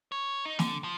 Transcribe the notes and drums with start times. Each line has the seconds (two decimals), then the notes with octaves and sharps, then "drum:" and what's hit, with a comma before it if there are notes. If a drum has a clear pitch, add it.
0.12 C#5
0.45 D#4
0.59 D3, drum: snare
0.84 F3